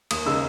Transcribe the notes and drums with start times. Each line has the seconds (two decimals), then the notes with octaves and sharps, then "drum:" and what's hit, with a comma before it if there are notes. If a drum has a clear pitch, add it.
0.11 D#2 D#6, drum: cymbal
0.26 C#3 G#3 D#4 E6